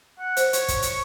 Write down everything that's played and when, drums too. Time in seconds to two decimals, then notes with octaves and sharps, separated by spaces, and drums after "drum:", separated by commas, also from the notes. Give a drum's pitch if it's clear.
0.19 F#5
0.37 C5, drum: hi-hat
0.53 C#5, drum: hi-hat
0.69 drum: kick, hi-hat
0.83 C#6, drum: hi-hat